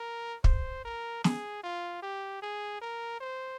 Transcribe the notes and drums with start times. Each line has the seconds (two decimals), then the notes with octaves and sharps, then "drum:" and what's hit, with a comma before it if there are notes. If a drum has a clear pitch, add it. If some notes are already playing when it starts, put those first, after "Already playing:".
Already playing: A#4
0.44 C5, drum: kick
0.85 A#4
1.24 G#4, drum: snare
1.63 F4
2.03 G4
2.42 G#4
2.82 A#4
3.21 C5